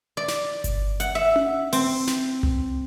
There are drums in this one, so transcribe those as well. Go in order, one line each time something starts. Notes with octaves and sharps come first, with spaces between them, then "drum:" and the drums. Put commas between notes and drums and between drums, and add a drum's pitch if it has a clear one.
D5
drum: snare
drum: kick G1, hi-hat
F#5, drum: hi-hat
E5
drum: tom C#4
C4, drum: open hi-hat
drum: snare
drum: tom C2